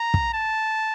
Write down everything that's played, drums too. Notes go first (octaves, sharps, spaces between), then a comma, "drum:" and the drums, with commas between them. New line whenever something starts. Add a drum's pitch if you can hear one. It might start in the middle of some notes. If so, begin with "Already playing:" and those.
Already playing: A#5
drum: kick
A5